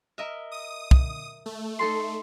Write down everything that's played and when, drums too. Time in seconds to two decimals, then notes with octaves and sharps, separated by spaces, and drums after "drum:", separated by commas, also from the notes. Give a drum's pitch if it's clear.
0.18 A#4 D#5 E5
0.52 D#6
0.91 drum: kick
1.46 A3
1.79 D#4 A4 C6